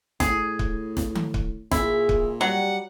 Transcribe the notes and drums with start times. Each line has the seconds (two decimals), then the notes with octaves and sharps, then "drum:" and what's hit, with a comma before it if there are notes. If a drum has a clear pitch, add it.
0.20 A2 G#4, drum: snare
0.59 drum: kick
0.97 drum: snare
1.15 drum: tom D#3
1.34 drum: kick
1.72 A#2 E4 G#4, drum: snare
2.09 drum: kick
2.41 F#3 G3 F#5